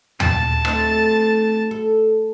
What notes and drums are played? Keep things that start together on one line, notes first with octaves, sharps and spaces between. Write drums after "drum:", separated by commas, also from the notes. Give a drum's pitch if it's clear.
A#2 A5, drum: tom D#2
A3 C4 D#4, drum: rim click
A4